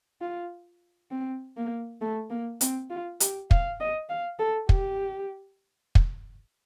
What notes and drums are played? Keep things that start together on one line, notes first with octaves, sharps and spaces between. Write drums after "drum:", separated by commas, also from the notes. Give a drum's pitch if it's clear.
F4
C4
A#3
A3
A#3
C4, drum: hi-hat
F4
G4, drum: hi-hat
F5, drum: kick
D#5
F5
A4
G4, drum: kick
drum: kick